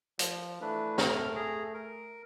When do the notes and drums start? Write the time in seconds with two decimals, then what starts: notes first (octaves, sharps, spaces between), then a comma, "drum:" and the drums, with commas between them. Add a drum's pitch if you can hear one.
0.19 F3, drum: hi-hat
0.61 E3 A3 D4 B4
0.98 A#4 A#5 F6, drum: snare
1.35 G#4 A#5
1.74 A#4